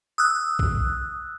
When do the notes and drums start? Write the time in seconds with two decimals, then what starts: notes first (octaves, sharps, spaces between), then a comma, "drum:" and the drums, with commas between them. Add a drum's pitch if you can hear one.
0.18 D#6 E6 F#6
0.59 drum: kick A#1